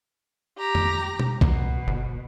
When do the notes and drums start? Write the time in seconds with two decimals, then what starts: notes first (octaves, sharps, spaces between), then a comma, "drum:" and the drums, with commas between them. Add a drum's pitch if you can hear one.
0.56 G4 A#5
0.75 drum: tom F2
1.20 drum: tom B2
1.41 C2 B2, drum: kick B1
1.87 G1